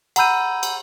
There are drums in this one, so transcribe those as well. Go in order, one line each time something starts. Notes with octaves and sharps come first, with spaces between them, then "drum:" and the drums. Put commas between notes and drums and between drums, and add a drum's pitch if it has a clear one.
F#5 A#5 B5 E6 G6 D#7, drum: cymbal
drum: cymbal